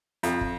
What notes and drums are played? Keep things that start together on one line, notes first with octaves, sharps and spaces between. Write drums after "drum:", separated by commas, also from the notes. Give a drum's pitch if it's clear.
F2, drum: hi-hat
drum: kick